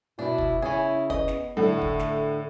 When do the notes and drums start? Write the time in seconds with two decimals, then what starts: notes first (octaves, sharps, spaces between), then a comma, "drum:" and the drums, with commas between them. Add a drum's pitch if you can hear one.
0.19 B2 D4 E4
0.38 drum: kick
0.62 C#3 C#4 E4 G#4
1.10 B3 D#5, drum: kick
1.28 drum: snare
1.57 A2 D3 A3 F#5
1.82 drum: kick
1.99 drum: snare